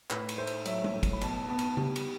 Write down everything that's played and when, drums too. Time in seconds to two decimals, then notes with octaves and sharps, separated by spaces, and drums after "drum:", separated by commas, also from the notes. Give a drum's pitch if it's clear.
0.10 A2 B4, drum: clap
0.29 drum: cymbal
0.38 A3 C5
0.47 drum: cymbal
0.65 F#3 E5, drum: cymbal
0.84 drum: tom G3
0.94 A2
1.03 drum: kick, cymbal
1.13 B5
1.21 B2 A5, drum: cymbal
1.49 B3 A5
1.59 drum: cymbal
1.77 G3, drum: tom C#3
1.96 drum: cymbal